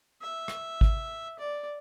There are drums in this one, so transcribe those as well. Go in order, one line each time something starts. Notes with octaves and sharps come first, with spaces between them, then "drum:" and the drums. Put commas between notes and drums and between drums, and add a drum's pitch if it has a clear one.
E5
drum: rim click
drum: kick G#1
D5